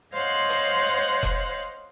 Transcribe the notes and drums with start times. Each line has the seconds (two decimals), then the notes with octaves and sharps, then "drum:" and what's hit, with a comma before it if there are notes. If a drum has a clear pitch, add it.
0.13 C5 C#5 D#5 F5 F#5 C6
0.50 drum: hi-hat
1.23 drum: kick F1, hi-hat